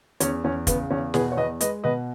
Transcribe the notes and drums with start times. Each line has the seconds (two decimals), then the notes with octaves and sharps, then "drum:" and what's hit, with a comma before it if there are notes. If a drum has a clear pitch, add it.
0.20 E2 C#4, drum: hi-hat
0.44 E2 C#4
0.67 C#3 B3, drum: kick, hi-hat
0.90 E2 C#4
1.14 B2 G#4 B4, drum: snare
1.32 C#5
1.37 E2 B4 D#5
1.61 G#3 B4 D#5, drum: hi-hat
1.84 B2 B4 D#5